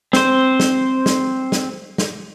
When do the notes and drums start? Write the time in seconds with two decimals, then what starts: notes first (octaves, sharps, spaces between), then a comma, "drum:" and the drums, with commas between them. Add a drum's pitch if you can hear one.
0.13 C4 C5, drum: snare
0.60 drum: snare
1.06 drum: snare
1.52 drum: snare
1.98 drum: snare